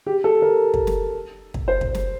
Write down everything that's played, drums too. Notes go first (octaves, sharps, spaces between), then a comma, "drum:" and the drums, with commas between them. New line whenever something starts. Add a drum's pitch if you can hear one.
G4
A4
A#4
drum: kick
drum: snare
drum: kick
C5
drum: kick
drum: snare